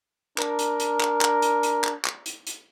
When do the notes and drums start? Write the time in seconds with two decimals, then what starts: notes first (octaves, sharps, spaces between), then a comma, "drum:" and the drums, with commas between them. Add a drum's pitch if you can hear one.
0.38 D4 A#4, drum: clap
0.59 drum: hi-hat
0.80 drum: hi-hat
1.01 drum: clap
1.21 drum: clap
1.42 drum: hi-hat
1.63 drum: hi-hat
1.84 drum: clap
2.05 drum: clap
2.26 drum: hi-hat
2.47 drum: hi-hat